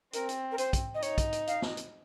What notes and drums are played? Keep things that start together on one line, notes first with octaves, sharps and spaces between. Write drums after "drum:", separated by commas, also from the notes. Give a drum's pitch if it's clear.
C4 A#4, drum: hi-hat
drum: hi-hat
A#4
C5, drum: hi-hat
drum: kick, hi-hat
D#5
D#4 C#5, drum: hi-hat
drum: kick, hi-hat
drum: hi-hat
F5, drum: hi-hat
drum: snare
drum: hi-hat